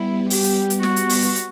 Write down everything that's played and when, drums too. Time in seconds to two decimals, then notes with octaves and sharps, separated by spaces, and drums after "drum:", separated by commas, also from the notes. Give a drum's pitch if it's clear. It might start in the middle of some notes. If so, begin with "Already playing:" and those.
Already playing: G3 B3 E4
0.30 G3 B3 G4, drum: open hi-hat
0.44 drum: hi-hat
0.70 drum: hi-hat
0.83 F#4, drum: snare
0.96 drum: hi-hat
1.09 drum: open hi-hat
1.23 drum: hi-hat
1.36 drum: hi-hat